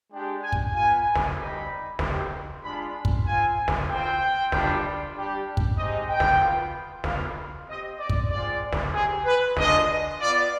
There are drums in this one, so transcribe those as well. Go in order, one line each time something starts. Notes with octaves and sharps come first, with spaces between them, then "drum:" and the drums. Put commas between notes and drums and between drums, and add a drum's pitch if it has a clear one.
G#3 D4 G4
G#5
drum: kick
B3 F4 G#5
drum: snare
G3 C4 D#4 G4 B5
C4 D#4 G4, drum: snare
G#3 D4 F4 B5
drum: kick
C4 F4 G#5
drum: snare
C4 F4 G5
G3 D4 F4, drum: snare
G3 D4 G4
drum: kick
G#3 C4 D#4 G4 D#5
G5
drum: snare
B3 F4
B3 F4 F5, drum: snare
C4 G4 D#5
D5
drum: kick
G#3 C4 F4 D5
drum: snare
C4 G4 G#4
B4
G#3 D4 F4 D#5, drum: snare
B3 F4 D5